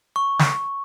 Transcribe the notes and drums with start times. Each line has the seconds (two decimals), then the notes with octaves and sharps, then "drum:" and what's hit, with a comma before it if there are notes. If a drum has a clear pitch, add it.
0.16 C#6
0.39 drum: snare